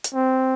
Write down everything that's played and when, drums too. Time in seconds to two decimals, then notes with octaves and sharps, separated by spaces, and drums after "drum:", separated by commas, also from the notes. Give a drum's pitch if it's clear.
0.04 drum: hi-hat
0.14 C4